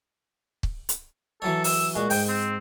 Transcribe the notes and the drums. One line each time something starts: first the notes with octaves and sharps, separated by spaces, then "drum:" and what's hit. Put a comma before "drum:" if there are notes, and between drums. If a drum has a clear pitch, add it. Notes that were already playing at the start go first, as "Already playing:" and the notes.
drum: kick
drum: hi-hat
E3 F#3 A4 C#5
E6, drum: open hi-hat
A#2 G#3 F#4
G#2 G5, drum: open hi-hat
C4